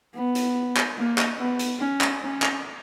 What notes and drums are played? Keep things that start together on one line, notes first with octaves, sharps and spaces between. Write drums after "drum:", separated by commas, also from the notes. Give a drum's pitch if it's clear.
B3
drum: hi-hat
drum: clap
A#3
drum: clap
B3
drum: hi-hat
C#4
drum: clap
C#4
drum: clap